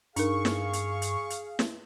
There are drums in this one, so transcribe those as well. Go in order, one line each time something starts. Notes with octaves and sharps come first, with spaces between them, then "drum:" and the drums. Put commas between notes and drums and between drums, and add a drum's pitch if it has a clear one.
G2 D4 D#4 G#4 A#4 F5 C#6, drum: hi-hat
drum: snare
drum: hi-hat
drum: hi-hat
drum: hi-hat
drum: snare